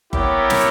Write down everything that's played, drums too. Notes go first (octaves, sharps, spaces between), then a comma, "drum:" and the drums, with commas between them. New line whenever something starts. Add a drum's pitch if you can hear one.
B3 E4 G4 A#4 C#5, drum: kick F#1
drum: snare